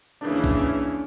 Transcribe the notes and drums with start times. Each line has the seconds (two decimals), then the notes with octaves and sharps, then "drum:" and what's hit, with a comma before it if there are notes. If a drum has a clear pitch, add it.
0.21 D#2 C#3 E3 D4
0.44 drum: kick A#1
0.55 C#4